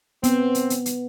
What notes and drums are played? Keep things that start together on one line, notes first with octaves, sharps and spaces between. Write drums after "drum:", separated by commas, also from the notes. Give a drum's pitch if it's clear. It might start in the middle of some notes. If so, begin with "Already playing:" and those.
B3 C4, drum: hi-hat
drum: hi-hat
drum: hi-hat
drum: hi-hat